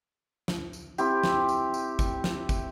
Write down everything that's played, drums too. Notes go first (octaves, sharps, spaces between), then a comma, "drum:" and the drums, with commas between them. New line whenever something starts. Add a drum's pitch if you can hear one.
drum: snare
drum: tambourine
C4 E4 G4, drum: tambourine
drum: snare
drum: tambourine
drum: tambourine
drum: kick, tambourine
drum: snare
drum: kick, tambourine